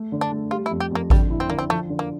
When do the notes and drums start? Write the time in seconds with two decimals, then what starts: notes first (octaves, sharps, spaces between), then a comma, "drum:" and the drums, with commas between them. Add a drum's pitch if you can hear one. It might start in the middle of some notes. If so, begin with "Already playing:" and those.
Already playing: A3
0.12 D3
0.21 D4
0.32 A3
0.51 G3 F4
0.66 E4
0.71 F2
0.80 G4
0.91 F2 A#3
1.10 D3 G3, drum: kick G#1
1.30 E4
1.40 C4
1.50 D3 A#3
1.59 C4
1.70 F3 A3
1.89 D3
1.99 A#3